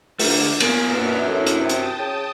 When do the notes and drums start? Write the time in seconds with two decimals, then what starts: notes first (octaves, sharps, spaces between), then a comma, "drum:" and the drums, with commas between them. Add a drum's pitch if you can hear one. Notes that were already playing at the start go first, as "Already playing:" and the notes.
0.19 A3 D4, drum: open hi-hat
0.60 F#3 A#3 B3 G#5, drum: cymbal
0.91 B2 D4 F#4 A#4 E5 F6
1.28 A2 E4
1.47 drum: hi-hat
1.60 C3 G5 A5 D#6
1.69 drum: hi-hat
1.99 C#3